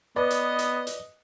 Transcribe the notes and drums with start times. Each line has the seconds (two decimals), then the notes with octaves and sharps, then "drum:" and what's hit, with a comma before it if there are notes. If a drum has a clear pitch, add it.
0.16 B3 B4 D5 D#5
0.30 drum: hi-hat
0.59 drum: hi-hat
0.87 drum: hi-hat